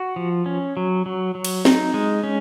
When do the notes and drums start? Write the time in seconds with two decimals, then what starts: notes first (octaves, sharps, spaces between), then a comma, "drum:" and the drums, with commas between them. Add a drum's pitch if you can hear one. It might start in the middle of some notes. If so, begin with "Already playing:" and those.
Already playing: F#4
0.16 F3
0.46 C#4
0.77 F#3
1.06 F#3
1.35 F#3
1.45 drum: cymbal
1.65 D#4, drum: snare
1.94 G#3
2.24 C#4